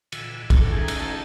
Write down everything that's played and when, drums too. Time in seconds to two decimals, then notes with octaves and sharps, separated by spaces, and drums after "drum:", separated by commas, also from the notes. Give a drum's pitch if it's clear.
0.12 A#2 D3 E3, drum: cymbal
0.50 D3 A4 D6, drum: kick, cymbal
0.72 D#3 G3 A3 C#4 D#4 G#4
0.88 drum: cymbal
0.99 A5